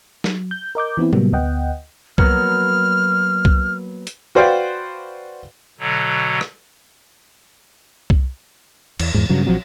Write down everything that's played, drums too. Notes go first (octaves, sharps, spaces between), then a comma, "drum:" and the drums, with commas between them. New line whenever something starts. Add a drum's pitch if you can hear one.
F#3, drum: snare
G6
A#4 D#5 D6 G6
E3 B3 C4 E4
A2 C3 F#3 G3 A#3 B3, drum: tom G3
D2 B3 D#5 F#5 G5
F#3 A#3 B3 F6, drum: kick C2
drum: kick C2
drum: hi-hat
F#4 B4 C5 D5 F5 G5
B2 D3 F#3
drum: rim click
drum: kick C2
E2, drum: cymbal
E2 G#2
G2 C#3 F#3
A#1 F3 F#3 C4